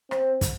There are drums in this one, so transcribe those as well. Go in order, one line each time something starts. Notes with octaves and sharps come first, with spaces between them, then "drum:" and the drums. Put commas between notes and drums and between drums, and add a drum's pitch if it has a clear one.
C4, drum: rim click
drum: kick, hi-hat